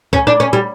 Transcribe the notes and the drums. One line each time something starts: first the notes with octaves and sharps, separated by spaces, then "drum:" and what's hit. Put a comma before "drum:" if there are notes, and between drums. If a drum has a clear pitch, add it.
C#4, drum: kick
D4
C#4
G3